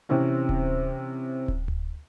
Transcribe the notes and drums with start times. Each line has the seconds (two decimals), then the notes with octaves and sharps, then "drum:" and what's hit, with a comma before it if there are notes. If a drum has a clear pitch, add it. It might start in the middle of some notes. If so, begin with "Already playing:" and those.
0.09 C3 E3 C4 C#4
0.49 drum: kick D1
1.48 drum: kick D1
1.68 drum: tom D2